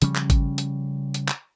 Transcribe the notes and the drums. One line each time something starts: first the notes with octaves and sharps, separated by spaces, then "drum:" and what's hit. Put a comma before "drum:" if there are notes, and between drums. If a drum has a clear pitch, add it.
C#3 F3 G3 C#4, drum: hi-hat
drum: clap
drum: kick G#1, hi-hat
drum: hi-hat
drum: hi-hat
drum: clap